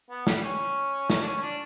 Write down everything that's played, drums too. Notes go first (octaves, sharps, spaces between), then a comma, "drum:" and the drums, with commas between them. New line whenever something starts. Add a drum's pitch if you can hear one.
B3
G3, drum: snare
C#4
C#4, drum: snare
D4
C#4
D4